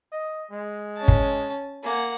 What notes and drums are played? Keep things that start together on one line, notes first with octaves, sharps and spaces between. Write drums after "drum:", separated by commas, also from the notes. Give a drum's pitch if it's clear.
D#5
G#3
C#4 A5
drum: kick
A#3 F#5 G#5